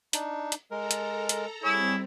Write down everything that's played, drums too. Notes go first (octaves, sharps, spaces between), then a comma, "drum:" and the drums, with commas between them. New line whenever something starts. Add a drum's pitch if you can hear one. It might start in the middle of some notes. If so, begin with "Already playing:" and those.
D4 D#4, drum: hi-hat
drum: hi-hat
G#3 A4 A#4 A#5
drum: hi-hat
drum: hi-hat
G3 C4 E4 G#4 C#5